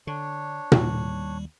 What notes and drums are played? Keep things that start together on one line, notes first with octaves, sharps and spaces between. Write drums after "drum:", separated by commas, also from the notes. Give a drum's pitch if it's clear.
D3 D4 C#5
D#2 G3, drum: tom A#2